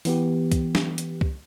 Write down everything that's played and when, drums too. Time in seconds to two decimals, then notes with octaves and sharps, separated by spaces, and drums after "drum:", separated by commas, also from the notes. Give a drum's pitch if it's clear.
0.05 E3 B3 G4, drum: open hi-hat
0.52 drum: kick, hi-hat
0.75 drum: snare
0.98 drum: hi-hat
1.21 drum: kick